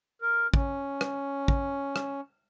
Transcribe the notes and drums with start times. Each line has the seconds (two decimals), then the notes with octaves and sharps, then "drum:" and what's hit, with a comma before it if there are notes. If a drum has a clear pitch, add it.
0.22 A#4
0.54 C#4, drum: kick
1.01 drum: rim click
1.48 drum: kick
1.96 drum: rim click